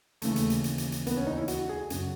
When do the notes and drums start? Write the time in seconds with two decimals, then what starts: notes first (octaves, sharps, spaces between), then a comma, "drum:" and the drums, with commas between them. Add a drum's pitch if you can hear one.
0.22 D#2 C#3 E3 A3, drum: hi-hat
0.36 drum: hi-hat
0.50 drum: hi-hat
0.64 drum: hi-hat
0.78 drum: hi-hat
0.92 drum: hi-hat
1.07 B3, drum: hi-hat
1.17 C#4
1.27 D#4
1.37 E4
1.48 F#4, drum: hi-hat
1.69 G#4
1.90 F#2 C#3 F#4, drum: hi-hat